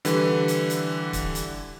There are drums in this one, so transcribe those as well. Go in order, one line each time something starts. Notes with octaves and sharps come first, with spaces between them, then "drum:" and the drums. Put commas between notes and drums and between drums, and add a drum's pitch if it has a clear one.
D3 E3 G3 B4, drum: hi-hat
drum: hi-hat
drum: hi-hat
drum: kick, hi-hat
drum: hi-hat